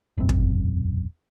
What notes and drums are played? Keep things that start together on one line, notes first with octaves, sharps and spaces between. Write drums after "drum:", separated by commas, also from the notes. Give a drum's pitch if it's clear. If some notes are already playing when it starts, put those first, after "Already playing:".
E1 A#1 F#2 C4
drum: kick